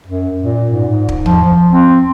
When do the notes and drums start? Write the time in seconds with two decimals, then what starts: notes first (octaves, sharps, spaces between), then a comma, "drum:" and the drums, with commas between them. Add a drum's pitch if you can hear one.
0.07 F#2
0.39 A#2
0.71 G#2
0.89 G#2
1.09 drum: kick
1.26 F3, drum: tom D#2
1.72 C4